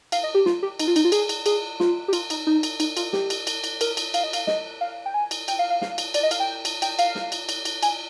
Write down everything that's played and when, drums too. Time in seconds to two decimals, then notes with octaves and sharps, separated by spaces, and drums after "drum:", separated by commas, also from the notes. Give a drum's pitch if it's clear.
0.12 F5, drum: cymbal
0.24 D#5
0.35 G4
0.46 F4, drum: snare
0.63 G4
0.79 D#4, drum: cymbal
0.88 F4
0.96 D#4, drum: cymbal
1.05 F4
1.12 G#4, drum: cymbal
1.29 drum: cymbal
1.46 G#4, drum: cymbal
1.80 F4, drum: snare
2.08 G4
2.13 F4, drum: cymbal
2.30 D#4, drum: cymbal
2.47 D#4
2.63 drum: cymbal
2.80 D#4, drum: cymbal
2.97 F4, drum: cymbal
3.13 G4, drum: snare
3.30 drum: cymbal
3.47 drum: cymbal
3.64 drum: cymbal
3.81 A#4, drum: cymbal
3.97 drum: cymbal
4.14 F5, drum: cymbal
4.23 D#5
4.33 F5, drum: cymbal
4.47 D#5, drum: snare
4.81 F5
5.06 G5
5.14 G#5
5.31 drum: cymbal
5.48 G5, drum: cymbal
5.59 F5
5.70 F5
5.81 F5, drum: snare
5.98 drum: cymbal
6.14 D5, drum: cymbal
6.23 D#5
6.31 F5, drum: cymbal
6.40 G5
6.65 drum: cymbal
6.82 G5, drum: cymbal
6.99 F5, drum: cymbal
7.15 drum: snare
7.32 drum: cymbal
7.49 drum: cymbal
7.65 drum: cymbal
7.83 G#5, drum: cymbal